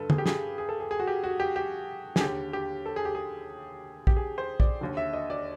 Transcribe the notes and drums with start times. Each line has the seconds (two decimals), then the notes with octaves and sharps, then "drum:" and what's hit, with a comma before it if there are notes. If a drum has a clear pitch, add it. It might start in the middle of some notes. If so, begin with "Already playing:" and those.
Already playing: G2 D3 A4 B4
0.10 G#4, drum: tom
0.18 G4
0.26 G#4, drum: snare
0.58 G#4
0.69 A4
0.80 G#4
0.91 G#4
1.00 F#4
1.07 G4
1.24 F#4
1.40 G4
1.56 G4
2.16 G#4, drum: snare
2.21 D#2 D3 G4
2.53 G4
2.86 A4
2.96 G#4
3.05 G4
3.15 G#4
4.07 G4, drum: kick A#1
4.17 G#4
4.38 C5
4.60 D5, drum: kick A#1
4.81 D#2 D3
4.97 E5
5.13 D#5
5.30 D5